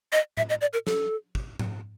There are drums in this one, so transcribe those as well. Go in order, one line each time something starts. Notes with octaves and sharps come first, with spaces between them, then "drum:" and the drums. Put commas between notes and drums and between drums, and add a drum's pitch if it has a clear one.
D#5
E5, drum: tom A2
D#5
D5
A#4
A4, drum: snare
drum: kick
drum: tom G#2